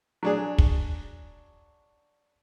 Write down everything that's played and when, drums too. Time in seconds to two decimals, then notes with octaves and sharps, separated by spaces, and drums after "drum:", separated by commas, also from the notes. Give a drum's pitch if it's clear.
0.23 F#3 D4 G#4
0.58 drum: kick